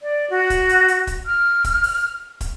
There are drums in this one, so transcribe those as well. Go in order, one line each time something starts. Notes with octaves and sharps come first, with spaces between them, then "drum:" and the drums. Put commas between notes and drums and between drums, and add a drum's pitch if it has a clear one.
D5
F#4
drum: kick, hi-hat
drum: hi-hat
drum: hi-hat
drum: kick, hi-hat
F6
drum: kick, hi-hat
drum: open hi-hat
drum: kick, hi-hat